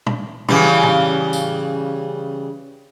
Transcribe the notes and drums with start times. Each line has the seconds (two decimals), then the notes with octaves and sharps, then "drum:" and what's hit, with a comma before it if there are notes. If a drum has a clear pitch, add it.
0.06 drum: tom
0.48 C#3 E3 G3, drum: tom
0.83 drum: tom A2
1.33 drum: tambourine